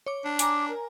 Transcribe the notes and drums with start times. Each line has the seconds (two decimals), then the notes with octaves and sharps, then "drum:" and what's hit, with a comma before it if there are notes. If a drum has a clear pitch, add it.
0.06 C#5 D6
0.25 D4
0.39 G#5 A#5 D6, drum: hi-hat
0.69 A#4